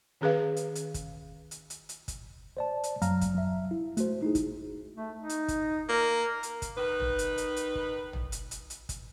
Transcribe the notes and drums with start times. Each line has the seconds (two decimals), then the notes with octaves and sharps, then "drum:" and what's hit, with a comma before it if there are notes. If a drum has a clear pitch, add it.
0.21 D#3 C#4 G#4 B4 F5
0.56 drum: hi-hat
0.75 drum: hi-hat
0.94 drum: kick, hi-hat
1.51 drum: hi-hat
1.70 drum: hi-hat
1.89 drum: hi-hat
2.08 drum: kick, hi-hat
2.57 C5 D5 A5
2.84 drum: hi-hat
3.02 F#2 F#3 F5 A#5 F6, drum: hi-hat
3.21 drum: kick, hi-hat
3.35 F#3 E5
3.71 E4
3.97 A3 F#4 C5, drum: hi-hat
4.22 D#4 E4 G#4
4.35 drum: kick, hi-hat
4.96 A3
5.17 D#4
5.29 drum: hi-hat
5.48 drum: kick, hi-hat
5.89 A#3 A#4
6.43 drum: hi-hat
6.62 drum: kick, hi-hat
6.77 D#3 D#4 B4
7.00 drum: tom
7.19 drum: hi-hat
7.38 drum: hi-hat
7.56 drum: hi-hat
7.75 drum: kick
8.13 drum: tom
8.32 drum: hi-hat
8.51 drum: hi-hat
8.70 drum: hi-hat
8.89 drum: kick, hi-hat